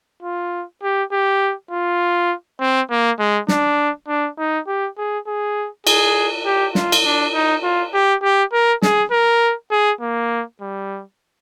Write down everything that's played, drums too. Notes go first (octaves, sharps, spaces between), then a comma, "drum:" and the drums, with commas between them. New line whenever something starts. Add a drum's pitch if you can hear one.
F4
G4
G4
F4
C4
A#3
G#3
D4, drum: snare
D4
D#4
G4
G#4
G#4
G#4, drum: cymbal
G4
F4, drum: snare
drum: cymbal
D4
D#4
F4
G4
G4
A#4
G#4, drum: snare
A#4
G#4
A#3
G3